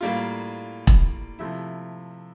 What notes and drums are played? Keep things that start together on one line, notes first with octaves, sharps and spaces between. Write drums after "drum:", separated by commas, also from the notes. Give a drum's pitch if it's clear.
A2 G3 A#3 F4
drum: kick E1
C3 F3 A3 E4